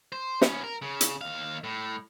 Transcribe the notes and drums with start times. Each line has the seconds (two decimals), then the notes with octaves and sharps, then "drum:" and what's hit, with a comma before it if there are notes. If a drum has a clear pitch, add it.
0.12 C5
0.42 B3 C#4, drum: snare
0.64 A#4
0.82 C#3
1.01 drum: hi-hat
1.21 D#2 F5
1.64 A2